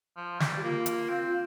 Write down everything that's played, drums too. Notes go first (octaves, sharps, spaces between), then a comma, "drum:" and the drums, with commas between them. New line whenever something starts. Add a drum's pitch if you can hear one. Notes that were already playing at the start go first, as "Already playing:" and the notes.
F3
G3, drum: snare
G4
A#3 F4
drum: hi-hat
C4